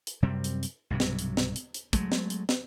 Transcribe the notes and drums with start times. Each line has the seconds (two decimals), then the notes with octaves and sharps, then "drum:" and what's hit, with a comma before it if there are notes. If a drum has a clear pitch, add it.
0.07 drum: hi-hat
0.22 F#2 C3 G3 C4
0.44 drum: hi-hat
0.63 drum: hi-hat
0.90 B1 G2 C3 F#3
1.00 drum: snare
1.19 drum: hi-hat
1.37 drum: snare
1.56 drum: hi-hat
1.74 drum: hi-hat
1.93 F#3 G#3 A3, drum: kick, hi-hat
2.12 drum: snare
2.30 drum: hi-hat
2.49 drum: snare